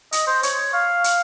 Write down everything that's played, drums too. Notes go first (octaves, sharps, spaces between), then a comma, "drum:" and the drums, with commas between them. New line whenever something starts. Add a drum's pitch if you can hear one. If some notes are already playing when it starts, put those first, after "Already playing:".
D#5, drum: hi-hat
C5
C#5, drum: hi-hat
F5
drum: hi-hat